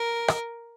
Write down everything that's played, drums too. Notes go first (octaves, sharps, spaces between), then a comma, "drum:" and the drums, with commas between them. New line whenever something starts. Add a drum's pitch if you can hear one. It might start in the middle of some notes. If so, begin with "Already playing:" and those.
Already playing: A#4
drum: rim click